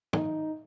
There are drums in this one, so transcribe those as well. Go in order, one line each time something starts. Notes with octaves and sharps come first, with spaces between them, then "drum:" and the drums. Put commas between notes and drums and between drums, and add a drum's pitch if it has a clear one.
D#4, drum: tom